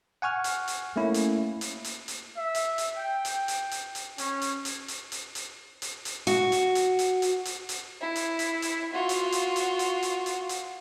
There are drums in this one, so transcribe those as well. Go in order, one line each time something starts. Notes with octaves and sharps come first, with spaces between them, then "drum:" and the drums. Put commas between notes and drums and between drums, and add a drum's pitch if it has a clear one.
F#5 G#5 C#6 F6
drum: hi-hat
drum: hi-hat
A3 A#3 C#4 E4
drum: hi-hat
drum: hi-hat
drum: hi-hat
drum: hi-hat
E5
drum: hi-hat
drum: hi-hat
G5
drum: hi-hat
drum: hi-hat
drum: hi-hat
drum: hi-hat
C#4, drum: hi-hat
drum: hi-hat
drum: hi-hat
drum: hi-hat
drum: hi-hat
drum: hi-hat
drum: hi-hat
drum: hi-hat
F#4, drum: hi-hat
drum: hi-hat
drum: hi-hat
drum: hi-hat
drum: hi-hat
drum: hi-hat
drum: hi-hat
E4
drum: hi-hat
drum: hi-hat
drum: hi-hat
F4 F#4
drum: hi-hat
drum: hi-hat
drum: hi-hat
drum: hi-hat
drum: hi-hat
drum: hi-hat
drum: hi-hat